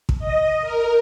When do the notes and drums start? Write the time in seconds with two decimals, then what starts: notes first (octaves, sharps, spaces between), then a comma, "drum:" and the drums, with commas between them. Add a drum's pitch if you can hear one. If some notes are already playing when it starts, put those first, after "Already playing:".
0.09 drum: kick
0.19 D#5
0.62 A#4